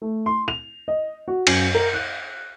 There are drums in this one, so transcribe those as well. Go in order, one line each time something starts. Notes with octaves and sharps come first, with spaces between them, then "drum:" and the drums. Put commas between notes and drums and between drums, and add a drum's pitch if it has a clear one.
A3
C6
F7
D#5
F#4
F#2, drum: cymbal
A#4
F#6